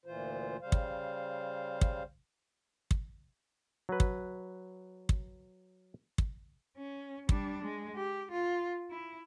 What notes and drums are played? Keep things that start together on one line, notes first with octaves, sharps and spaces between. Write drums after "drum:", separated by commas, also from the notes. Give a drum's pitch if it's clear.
D2 A#2 E3 F4 C5
C#3 G3 C5 F5
drum: kick
drum: kick
drum: kick
F#3 B4
drum: kick
drum: kick
drum: kick
C#4
G3 D4, drum: kick
G#3
G4
F4
E4